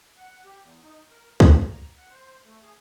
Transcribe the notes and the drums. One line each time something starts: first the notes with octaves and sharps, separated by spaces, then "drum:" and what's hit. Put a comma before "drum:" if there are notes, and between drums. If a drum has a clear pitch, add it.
F#5
G4
E2
D#4
A#4
A#5, drum: kick
A#5
F#5
C5
A3
G#4